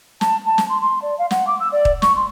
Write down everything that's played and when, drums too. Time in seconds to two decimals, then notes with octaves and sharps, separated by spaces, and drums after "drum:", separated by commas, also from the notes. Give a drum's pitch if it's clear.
0.21 A5, drum: snare
0.46 A5
0.58 drum: snare
0.69 C6
0.81 C6
1.02 D5
1.19 F5
1.31 F#5, drum: snare
1.47 D6
1.60 E6
1.72 D5
1.85 drum: kick D#1
2.02 C#6, drum: snare
2.16 C6